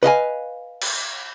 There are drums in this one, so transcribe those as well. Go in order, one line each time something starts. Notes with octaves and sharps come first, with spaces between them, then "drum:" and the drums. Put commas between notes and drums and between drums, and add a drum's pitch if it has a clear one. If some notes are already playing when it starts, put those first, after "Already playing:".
B4 D#5 F5 G#5
drum: cymbal